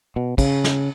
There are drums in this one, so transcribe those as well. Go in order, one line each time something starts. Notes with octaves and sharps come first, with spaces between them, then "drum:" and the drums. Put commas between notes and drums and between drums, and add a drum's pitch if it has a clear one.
B2
C#3, drum: kick, cymbal
drum: snare